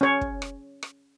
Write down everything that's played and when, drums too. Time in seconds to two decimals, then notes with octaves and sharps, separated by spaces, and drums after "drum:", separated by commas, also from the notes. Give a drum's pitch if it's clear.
0.01 C#4 C#5
0.21 drum: kick
0.42 drum: rim click
0.83 drum: rim click